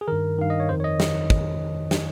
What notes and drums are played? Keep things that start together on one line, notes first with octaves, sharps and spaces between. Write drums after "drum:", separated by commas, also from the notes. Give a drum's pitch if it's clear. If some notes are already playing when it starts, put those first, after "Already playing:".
G#4
G2 D#3 A#4
G2 D#3 F5
D#5
C#5
F2 D#3 C5
C#5
D#5
drum: snare
drum: kick
drum: snare